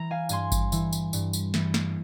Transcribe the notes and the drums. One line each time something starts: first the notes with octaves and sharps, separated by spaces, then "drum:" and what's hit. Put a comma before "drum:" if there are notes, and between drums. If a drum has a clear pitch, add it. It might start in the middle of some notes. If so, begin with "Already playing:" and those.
Already playing: E3 A#5
F5 G#5
G2 G#5 C6, drum: tambourine
drum: kick G#1, tambourine
E3, drum: tambourine
drum: tambourine
G2, drum: tambourine
drum: tambourine
E3, drum: snare
drum: snare